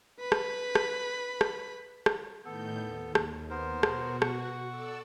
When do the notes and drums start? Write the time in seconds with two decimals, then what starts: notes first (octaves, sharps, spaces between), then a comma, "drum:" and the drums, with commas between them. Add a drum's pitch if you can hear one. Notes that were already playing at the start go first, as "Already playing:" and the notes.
0.20 B4 B5
0.32 drum: rim click
0.75 drum: rim click
1.41 drum: rim click
2.06 drum: rim click
2.45 A2 D#3 B3 A4 G6
2.83 D#2
3.15 drum: rim click
3.50 B3 A#4 C5
3.83 B2 F#4, drum: rim click
4.22 F#5 C#6, drum: rim click
4.68 A4 D5 E6